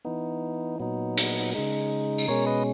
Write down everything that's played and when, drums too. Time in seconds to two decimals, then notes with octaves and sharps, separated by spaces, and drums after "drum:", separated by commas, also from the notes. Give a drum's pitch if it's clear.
0.05 E3 B3 D#4
0.80 A#2 F#3 B3 D#4
1.18 drum: hi-hat
1.54 C#3 G#3 D#4
2.18 drum: tambourine
2.28 B2 G#3 C#4 A#4 C#5
2.46 B4 D#5